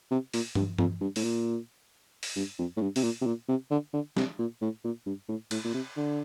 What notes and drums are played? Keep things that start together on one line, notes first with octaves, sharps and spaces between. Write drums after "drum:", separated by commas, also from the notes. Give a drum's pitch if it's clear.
C3
A#2, drum: open hi-hat
G2, drum: tom G2
F2, drum: tom G2
G2
A2, drum: open hi-hat
A#2
drum: open hi-hat
G2
F2
A2
G2
C3, drum: open hi-hat
A#2
C3
A#2
C3
D3
D3
C3, drum: snare
A#2
A2
A#2
G2
A2
A2, drum: cymbal
A#2
C3
D3